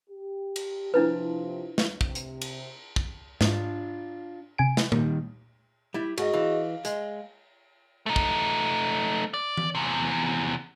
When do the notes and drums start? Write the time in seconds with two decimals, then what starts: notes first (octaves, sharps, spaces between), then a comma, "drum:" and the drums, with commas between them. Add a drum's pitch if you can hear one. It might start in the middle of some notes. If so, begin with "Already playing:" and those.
0.10 G4
0.56 drum: cymbal
0.94 C3 F3 D4 E4 B4
1.78 drum: snare
2.01 C3, drum: kick
2.15 drum: hi-hat
2.42 drum: cymbal
2.96 drum: kick
3.41 G#2 D4 F4, drum: snare
4.58 C3 G#5 D7
4.77 drum: snare
4.92 D#3 G3 A#3, drum: tom A#2
5.94 G3 E4
6.18 G#2 F#4 G#4 D#5, drum: cymbal
6.34 E3 F5
6.85 G#3, drum: hi-hat
8.06 A3 D#4
8.16 drum: kick
9.34 D5
9.57 drum: tom E3
9.75 E2 C3